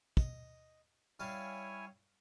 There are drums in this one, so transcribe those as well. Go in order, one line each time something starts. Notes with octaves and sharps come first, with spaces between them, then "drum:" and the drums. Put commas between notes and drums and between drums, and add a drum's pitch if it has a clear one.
D#5, drum: kick
G3 C#4 E4 C#5 F5 G#5